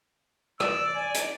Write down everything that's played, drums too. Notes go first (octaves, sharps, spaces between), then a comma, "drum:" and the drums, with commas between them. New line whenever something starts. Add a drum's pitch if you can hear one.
D5 E6, drum: rim click
G#5
drum: hi-hat